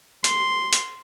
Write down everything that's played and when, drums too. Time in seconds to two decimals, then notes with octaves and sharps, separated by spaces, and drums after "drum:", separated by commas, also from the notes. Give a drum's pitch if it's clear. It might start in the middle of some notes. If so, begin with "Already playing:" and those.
0.24 C6, drum: hi-hat
0.73 drum: hi-hat